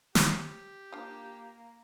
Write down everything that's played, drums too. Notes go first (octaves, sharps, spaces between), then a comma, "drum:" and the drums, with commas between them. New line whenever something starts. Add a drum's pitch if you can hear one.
C4 G4 C#5, drum: snare
A#3 D4 F4